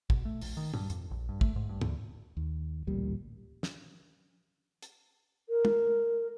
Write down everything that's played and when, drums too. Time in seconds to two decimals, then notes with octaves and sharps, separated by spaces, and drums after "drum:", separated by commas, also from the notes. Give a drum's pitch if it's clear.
0.10 B2, drum: kick
0.25 A3
0.41 A#1, drum: open hi-hat
0.57 D#3
0.74 G2, drum: tom
0.90 F2, drum: hi-hat
1.11 A#1
1.29 G2
1.41 A3, drum: kick
1.56 G#2
1.69 G2
1.81 D2, drum: tom G#2
2.37 D#2
2.87 A1 D2 A#2 G3
3.63 drum: snare
4.82 drum: hi-hat
5.49 A#4
5.65 drum: tom